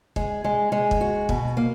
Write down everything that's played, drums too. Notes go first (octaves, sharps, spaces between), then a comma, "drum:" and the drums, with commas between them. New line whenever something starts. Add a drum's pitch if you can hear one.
G#3, drum: kick
G#3
G#3
drum: kick
F#4
B2, drum: kick
A#3